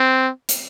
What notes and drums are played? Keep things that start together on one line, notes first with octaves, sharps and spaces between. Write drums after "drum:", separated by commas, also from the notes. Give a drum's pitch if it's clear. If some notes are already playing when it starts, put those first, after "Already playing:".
Already playing: C4
drum: hi-hat